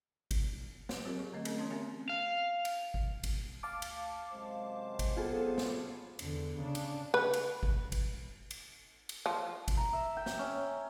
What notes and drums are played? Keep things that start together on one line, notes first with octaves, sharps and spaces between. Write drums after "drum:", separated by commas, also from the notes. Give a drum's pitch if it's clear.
drum: kick G#1, cymbal
drum: snare
F#3 C4 F4 G4 A#4 C#5
G#4 C#6
D3 A3 C4 D#5
A3 C4 C#4 G#4 A#4, drum: cymbal
E3 B3 C#4 C#5 A5 C6
C4 C#4 G4 A#4 E5 G#5
F5
drum: cymbal
drum: kick G#1
drum: kick G#1, cymbal
D2 F5 A5 D6
drum: cymbal
F#2 C3 G#3 C5
drum: kick G#1, cymbal
B3 F4 G#4 A4
drum: snare
E2 D3, drum: cymbal
C#3 D4
drum: cymbal
B4
drum: cymbal
drum: kick G#1
drum: kick G#1, cymbal
drum: cymbal
drum: cymbal
F3
drum: kick G#1, cymbal
A#5
E5
G5
drum: snare
C#4